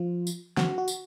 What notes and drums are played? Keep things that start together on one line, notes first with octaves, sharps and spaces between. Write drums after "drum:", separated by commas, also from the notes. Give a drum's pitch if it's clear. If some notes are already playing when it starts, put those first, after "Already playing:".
Already playing: F3 F4
drum: tambourine
F#4, drum: snare
F#4
drum: tambourine